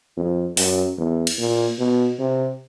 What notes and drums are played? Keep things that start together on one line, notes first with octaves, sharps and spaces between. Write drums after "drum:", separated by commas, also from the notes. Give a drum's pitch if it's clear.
F2
F#2, drum: open hi-hat
E2
drum: cymbal
A#2
B2
C3